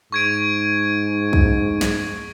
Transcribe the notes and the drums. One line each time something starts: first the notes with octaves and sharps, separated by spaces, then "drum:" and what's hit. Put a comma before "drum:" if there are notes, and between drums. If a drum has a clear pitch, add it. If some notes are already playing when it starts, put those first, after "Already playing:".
G#2 C#6 G#6 D7
drum: kick
drum: snare